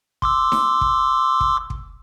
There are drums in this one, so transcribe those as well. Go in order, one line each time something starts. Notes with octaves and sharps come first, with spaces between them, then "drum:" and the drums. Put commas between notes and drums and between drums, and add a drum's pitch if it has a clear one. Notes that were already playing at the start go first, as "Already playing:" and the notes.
C6 D6 E6, drum: kick
drum: snare D#4
drum: kick
drum: kick
drum: kick